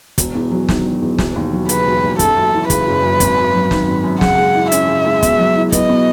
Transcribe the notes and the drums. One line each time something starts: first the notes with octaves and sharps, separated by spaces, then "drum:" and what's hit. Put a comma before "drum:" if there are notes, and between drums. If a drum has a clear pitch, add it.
E1, drum: kick, hi-hat
E2
F#3
D#3, drum: snare
E1
E2
E1, drum: snare
D#2
F#3
C#3 B4, drum: hi-hat
E1
D#2
F#1 A4, drum: kick, hi-hat
F#2
E3
C#3 B4, drum: kick, hi-hat
F#1
F#2
G#1, drum: kick, hi-hat
F#2
F#3
D#3, drum: snare
G#1
F#2
C#3 F#5, drum: snare
G#3
E4
C#4 E5, drum: hi-hat
C#3
G#3
B2, drum: kick, hi-hat
F#3
E4
B3 D#5, drum: kick, hi-hat
B2